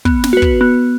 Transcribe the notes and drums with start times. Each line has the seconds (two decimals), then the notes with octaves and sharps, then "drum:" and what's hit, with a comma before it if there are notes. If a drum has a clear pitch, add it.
0.05 B3, drum: kick
0.24 drum: snare
0.33 F#4 B4
0.42 drum: kick
0.61 B3